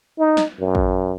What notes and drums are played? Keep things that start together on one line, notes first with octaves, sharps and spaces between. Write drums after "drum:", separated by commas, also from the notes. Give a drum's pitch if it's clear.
D#4
drum: snare
F#2
drum: kick A1